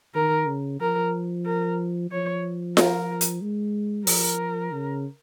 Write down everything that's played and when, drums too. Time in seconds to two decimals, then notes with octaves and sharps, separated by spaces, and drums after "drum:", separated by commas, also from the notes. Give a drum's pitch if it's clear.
0.15 D#3 A#4
0.47 C#3
0.80 F3 A#4
1.46 A#4
2.11 F3 C#5
2.77 A#4, drum: snare F4
3.21 drum: hi-hat
3.42 G#3
4.07 F3 A#4, drum: open hi-hat
4.72 C#3